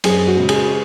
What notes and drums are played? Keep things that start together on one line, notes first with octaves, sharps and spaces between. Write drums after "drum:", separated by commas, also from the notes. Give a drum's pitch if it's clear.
F#2 G#4, drum: cymbal
F#4
C#3 G#3
G#4, drum: cymbal